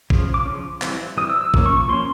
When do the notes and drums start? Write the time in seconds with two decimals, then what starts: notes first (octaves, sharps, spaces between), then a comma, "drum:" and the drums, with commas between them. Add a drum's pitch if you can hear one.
0.10 C#3 F3, drum: kick
0.34 D6
0.46 C#3 F3 A3 C#4
0.82 E3 G3 C4, drum: clap
1.17 E3 G3 C4 D#6
1.30 E6
1.41 E6
1.54 F3 A#3 C#4, drum: kick
1.66 C#6
1.77 C#6
1.88 F3 A#3 C#4 C6